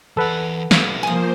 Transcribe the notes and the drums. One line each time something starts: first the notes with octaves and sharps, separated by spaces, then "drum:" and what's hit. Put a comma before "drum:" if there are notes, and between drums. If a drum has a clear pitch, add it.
E3 A4 B4 D5 F#5
G3 E4 F5, drum: snare
F3 A#3 C5 G#5 D#6